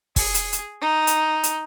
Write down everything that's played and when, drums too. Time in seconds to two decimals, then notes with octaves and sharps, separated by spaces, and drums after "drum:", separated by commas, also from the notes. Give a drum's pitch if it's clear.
0.16 G#4, drum: kick, open hi-hat
0.34 drum: hi-hat
0.53 drum: hi-hat
0.81 D#4
1.07 drum: hi-hat
1.43 drum: hi-hat